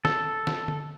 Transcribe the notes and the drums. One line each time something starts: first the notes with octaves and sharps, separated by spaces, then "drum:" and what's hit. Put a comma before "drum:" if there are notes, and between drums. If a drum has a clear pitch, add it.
A4, drum: snare
drum: snare
drum: tom D3